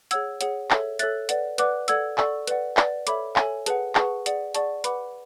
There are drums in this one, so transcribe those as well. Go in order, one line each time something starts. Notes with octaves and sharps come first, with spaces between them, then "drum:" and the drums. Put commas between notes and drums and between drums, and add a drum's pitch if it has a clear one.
G#4 C#5 F#5 E6 G#6, drum: hi-hat
G#4 C#5 F#5, drum: hi-hat
A4 C#5 E5, drum: clap
A4 C#5 E5 F#6 A6, drum: hi-hat
B4 D5 F#5, drum: hi-hat
B4 D5 F#5 D6 F#6, drum: hi-hat
A4 D5 F#5 E6 G#6, drum: hi-hat
A4 D5 F#5 C#6 E6, drum: clap
B4 D5 F#5, drum: hi-hat
B4 D5 F#5, drum: clap
A4 C#5 E5 B5 D6, drum: hi-hat
A4 C#5 E5 G#5, drum: clap
G#4 B4 F#5 A5, drum: hi-hat
G#4 B4 F#5 A5 C#6, drum: clap
G#4 D5 F#5, drum: hi-hat
G#4 D5 F#5 A5 C#6, drum: hi-hat
B4 F#5 B5 D6, drum: hi-hat